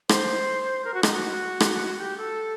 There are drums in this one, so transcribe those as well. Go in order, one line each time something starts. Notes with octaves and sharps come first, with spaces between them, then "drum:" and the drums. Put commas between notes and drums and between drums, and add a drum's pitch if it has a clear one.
C5, drum: rim click
A#4
F#4
D#4, drum: rim click
F#4
drum: rim click
G4
A4